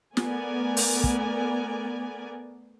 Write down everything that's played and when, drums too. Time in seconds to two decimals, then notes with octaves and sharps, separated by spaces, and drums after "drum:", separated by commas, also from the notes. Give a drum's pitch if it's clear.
0.17 A3 B3 A#4 D5 G#5, drum: snare
0.77 drum: open hi-hat
1.04 drum: kick